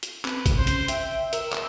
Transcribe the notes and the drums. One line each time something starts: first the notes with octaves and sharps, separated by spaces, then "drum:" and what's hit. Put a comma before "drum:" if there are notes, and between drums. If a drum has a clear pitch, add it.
drum: hi-hat
C4 B4, drum: clap
drum: kick G#1, hi-hat
C#3 C5
drum: hi-hat
E5 G5, drum: hi-hat
A#4 E6, drum: hi-hat
drum: clap